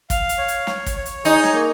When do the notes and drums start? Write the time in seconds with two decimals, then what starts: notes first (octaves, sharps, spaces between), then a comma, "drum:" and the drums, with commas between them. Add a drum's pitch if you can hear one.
0.10 F5, drum: kick, hi-hat
0.29 drum: hi-hat
0.38 C#5
0.48 drum: hi-hat
0.67 C#5, drum: snare
0.86 drum: kick, hi-hat
0.96 C#5
1.06 drum: hi-hat
1.25 D#4 G#4, drum: hi-hat
1.44 drum: snare
1.53 A#3